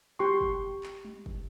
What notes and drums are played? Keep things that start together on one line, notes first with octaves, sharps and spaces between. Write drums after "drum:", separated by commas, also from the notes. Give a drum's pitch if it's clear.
G4 C6 C#6, drum: tom G3
drum: kick
drum: clap
drum: tom G3
drum: kick